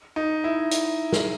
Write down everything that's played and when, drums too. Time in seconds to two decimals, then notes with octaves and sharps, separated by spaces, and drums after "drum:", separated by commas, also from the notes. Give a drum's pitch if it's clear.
0.16 D#4
0.44 E4
0.71 drum: hi-hat
1.12 drum: snare